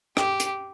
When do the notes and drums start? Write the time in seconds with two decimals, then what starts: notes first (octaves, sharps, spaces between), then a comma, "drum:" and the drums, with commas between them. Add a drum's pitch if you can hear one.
0.17 G4, drum: rim click
0.40 drum: hi-hat